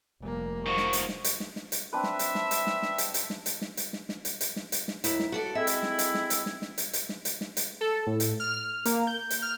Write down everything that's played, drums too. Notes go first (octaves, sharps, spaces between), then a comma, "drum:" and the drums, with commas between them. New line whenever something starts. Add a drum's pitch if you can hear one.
F1 G2 A#2 A#3
D#3 F4 F#4 C5 D#5 C#6
drum: snare
drum: hi-hat
drum: snare
drum: hi-hat
drum: snare
drum: snare
drum: hi-hat
C4 D4 B4 E5
drum: snare
drum: hi-hat
drum: snare
drum: hi-hat
drum: snare
drum: snare
drum: hi-hat
drum: hi-hat
drum: snare
drum: hi-hat
drum: snare
drum: hi-hat
drum: snare
drum: snare
drum: hi-hat
drum: hi-hat
drum: snare
drum: hi-hat
drum: snare
D#2 E4, drum: hi-hat
drum: snare
F#4 A4 D5
G#3 C4 E4 E5
drum: hi-hat
drum: snare
drum: hi-hat
drum: snare
drum: hi-hat
drum: snare
drum: snare
drum: hi-hat
drum: hi-hat
drum: snare
drum: hi-hat
drum: snare
drum: hi-hat
A4
A2
drum: hi-hat
F6
F6
A#3, drum: hi-hat
G6
drum: hi-hat
F6